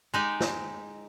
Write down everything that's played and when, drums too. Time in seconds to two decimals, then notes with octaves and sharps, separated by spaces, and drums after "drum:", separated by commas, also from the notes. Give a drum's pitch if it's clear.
0.14 G#3 D#4 G4
0.40 drum: snare